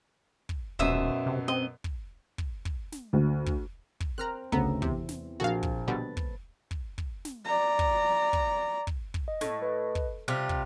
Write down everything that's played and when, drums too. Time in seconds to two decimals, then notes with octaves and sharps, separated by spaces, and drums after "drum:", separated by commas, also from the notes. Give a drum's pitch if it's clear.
0.49 drum: kick
0.79 D#1 F#2 B2 C5 E5 D#6
1.26 C3
1.48 C4 D#5
1.84 drum: kick
2.38 drum: kick
2.65 drum: kick
2.92 drum: snare
3.13 D2
3.46 drum: kick
4.00 drum: kick
4.18 C4 A#4 A#5 F6 F#6
4.52 D2 C#3 B3 E5 A#5, drum: kick
4.82 E2 C3, drum: kick
5.09 drum: snare
5.40 A#1 D4 F#4 A#4 F5 A5
5.63 drum: kick
5.88 B2 D3 G3 B4 A6
6.17 drum: kick
6.71 drum: kick
6.98 drum: kick
7.25 drum: snare
7.45 D5 A#5
7.79 drum: kick
8.33 drum: kick
8.87 drum: kick
9.14 drum: kick
9.28 D#5
9.41 A2, drum: snare
9.62 B4 D#5
9.95 drum: kick
10.28 C3 G3 F4 F#6 A#6
10.49 drum: kick